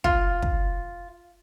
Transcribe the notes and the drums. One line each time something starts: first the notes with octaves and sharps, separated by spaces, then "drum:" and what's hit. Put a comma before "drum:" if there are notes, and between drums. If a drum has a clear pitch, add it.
F4, drum: kick
drum: kick